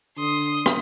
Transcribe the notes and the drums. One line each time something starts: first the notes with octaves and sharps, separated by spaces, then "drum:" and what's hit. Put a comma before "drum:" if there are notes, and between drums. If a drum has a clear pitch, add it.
D3 C6 D#6
drum: rim click